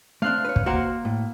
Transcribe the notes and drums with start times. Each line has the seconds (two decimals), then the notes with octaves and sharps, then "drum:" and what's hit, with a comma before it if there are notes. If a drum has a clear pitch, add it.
0.22 A3 C4 D4 F5 F#6
0.45 B4 C#5
0.56 drum: kick
0.66 A#3 F#4 C5 F#5
1.05 A2